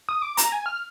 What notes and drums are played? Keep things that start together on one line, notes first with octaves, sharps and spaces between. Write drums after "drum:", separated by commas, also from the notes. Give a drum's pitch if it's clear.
D#6
D6
A#5, drum: hi-hat
G#5
F6